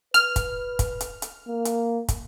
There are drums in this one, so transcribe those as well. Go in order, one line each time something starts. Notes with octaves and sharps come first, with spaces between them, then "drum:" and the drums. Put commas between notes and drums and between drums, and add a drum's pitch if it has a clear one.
B4 F6, drum: hi-hat
drum: kick, hi-hat
drum: kick, hi-hat
drum: hi-hat
drum: hi-hat
A#3
drum: hi-hat
drum: kick, hi-hat